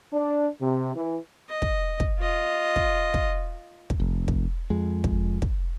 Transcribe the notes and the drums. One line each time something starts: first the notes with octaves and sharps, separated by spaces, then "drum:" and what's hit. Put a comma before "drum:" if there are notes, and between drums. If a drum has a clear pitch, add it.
D4
C3
E3
D#5
drum: kick
drum: kick
F4 D#5
drum: kick
drum: kick
drum: kick
F1
drum: kick
F2 G#3
drum: kick
drum: kick